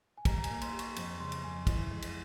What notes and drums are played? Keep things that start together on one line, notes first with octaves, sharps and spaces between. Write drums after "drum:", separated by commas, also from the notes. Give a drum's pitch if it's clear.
G#5
G3 A#5, drum: kick, cymbal
A#5
G#5, drum: cymbal
A#3
C6, drum: cymbal
G4
C#6, drum: cymbal
F2 C#6, drum: cymbal
C#3 C6
drum: cymbal
F2 G#5
E3, drum: kick, cymbal
G#3
drum: cymbal